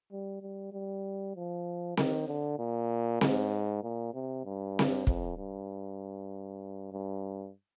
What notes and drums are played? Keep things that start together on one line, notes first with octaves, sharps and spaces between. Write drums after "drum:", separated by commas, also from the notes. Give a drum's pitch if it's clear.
G3
G3
G3
F3
D#3, drum: snare C4
D3
A#2
G#2, drum: snare C4
A#2
C3
G2
drum: snare C4
F2, drum: kick
G2
G2